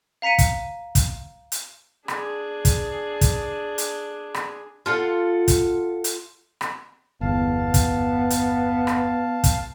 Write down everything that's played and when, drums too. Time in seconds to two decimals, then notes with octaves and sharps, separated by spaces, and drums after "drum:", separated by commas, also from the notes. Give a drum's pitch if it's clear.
0.22 F5 A#5 B6 C#7 D#7
0.38 drum: kick, hi-hat
0.95 drum: kick, hi-hat
1.52 drum: hi-hat
2.08 D4 G#4, drum: rim click
2.65 drum: kick, hi-hat
3.21 drum: kick, hi-hat
3.78 drum: hi-hat
4.34 drum: rim click
4.86 F4 A4 F#5
5.48 drum: kick, hi-hat
6.04 drum: hi-hat
6.61 drum: rim click
7.21 G1 E2 B3 F5 A5
7.74 drum: kick, hi-hat
8.30 drum: hi-hat
8.87 drum: rim click
9.44 drum: kick, hi-hat